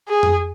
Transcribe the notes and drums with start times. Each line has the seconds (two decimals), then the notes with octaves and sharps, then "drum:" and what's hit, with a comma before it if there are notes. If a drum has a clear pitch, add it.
0.08 G#4
0.23 drum: tom F2